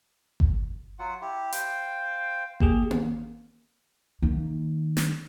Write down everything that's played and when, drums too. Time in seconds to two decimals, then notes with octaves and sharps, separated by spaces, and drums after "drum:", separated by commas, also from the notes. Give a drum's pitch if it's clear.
0.40 drum: kick G1
0.99 F#3 F4 F#5
1.21 E4 G4
1.52 C5 F5 G5, drum: hi-hat
2.60 A#3 G4 G#4, drum: kick G1
2.91 drum: tom A#3
4.22 D#3 A#3
4.97 drum: snare